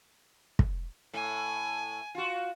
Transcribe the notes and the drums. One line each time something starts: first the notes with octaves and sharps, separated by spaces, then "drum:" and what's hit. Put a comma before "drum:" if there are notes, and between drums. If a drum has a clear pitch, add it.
drum: kick
A2 A3 G#5
F4 F#4